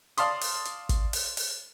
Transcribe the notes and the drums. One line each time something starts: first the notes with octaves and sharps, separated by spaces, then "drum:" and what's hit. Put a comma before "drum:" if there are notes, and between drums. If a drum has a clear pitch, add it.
D5 F5 A5 C6 D#6, drum: hi-hat
drum: open hi-hat
drum: hi-hat
drum: kick, hi-hat
drum: open hi-hat
drum: open hi-hat